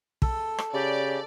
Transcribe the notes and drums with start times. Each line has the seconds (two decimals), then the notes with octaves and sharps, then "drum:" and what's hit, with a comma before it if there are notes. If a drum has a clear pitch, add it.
0.22 A4, drum: kick
0.58 drum: rim click
0.73 C#3 G4 D5